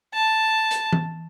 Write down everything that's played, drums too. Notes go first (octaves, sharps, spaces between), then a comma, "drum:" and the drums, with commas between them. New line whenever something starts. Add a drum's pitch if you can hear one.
A5
drum: hi-hat
drum: tom E3